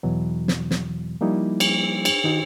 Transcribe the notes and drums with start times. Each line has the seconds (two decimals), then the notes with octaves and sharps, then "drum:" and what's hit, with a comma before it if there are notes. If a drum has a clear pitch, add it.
0.03 E2 B2 E3 F#3
0.48 drum: snare
0.71 drum: snare
1.21 F3 G3 A#3 D#4 E4
1.60 drum: cymbal
2.05 drum: cymbal
2.24 D#3 D#4 F#4